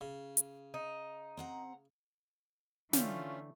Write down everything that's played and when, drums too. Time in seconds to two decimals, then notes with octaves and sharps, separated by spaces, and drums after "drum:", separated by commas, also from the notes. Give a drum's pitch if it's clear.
0.01 C#3
0.37 drum: hi-hat
0.74 D#4
1.37 C4 F#5 A#5
2.93 D3 E3 A3 C#4 F4 C#5 G5, drum: snare